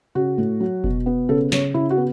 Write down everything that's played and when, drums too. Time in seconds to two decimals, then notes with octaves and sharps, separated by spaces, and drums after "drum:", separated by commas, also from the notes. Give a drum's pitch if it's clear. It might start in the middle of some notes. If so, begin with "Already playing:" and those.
0.15 C#3 F#4
0.38 A2
0.60 F#3
0.84 B2, drum: kick F1
1.06 B3
1.29 C#3 A4
1.52 C#3 C#5, drum: snare
1.74 C#3 E4
1.90 F#4
1.97 B3